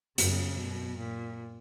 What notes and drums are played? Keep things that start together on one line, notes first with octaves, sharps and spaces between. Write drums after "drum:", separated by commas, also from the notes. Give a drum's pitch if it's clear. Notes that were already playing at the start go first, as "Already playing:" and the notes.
F#2 C#3, drum: hi-hat
F#2 B2
A#2